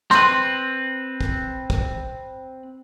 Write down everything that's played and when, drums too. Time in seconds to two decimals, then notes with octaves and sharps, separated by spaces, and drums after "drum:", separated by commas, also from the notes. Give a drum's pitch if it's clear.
0.11 C4 B4 C6, drum: snare
1.21 drum: kick
1.70 drum: kick